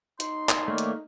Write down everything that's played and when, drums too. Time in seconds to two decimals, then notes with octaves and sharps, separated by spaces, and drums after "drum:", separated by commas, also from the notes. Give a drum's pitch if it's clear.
0.20 D#4 C6, drum: hi-hat
0.49 drum: clap
0.68 D#3 A3 A#3 C#5 D5
0.78 drum: hi-hat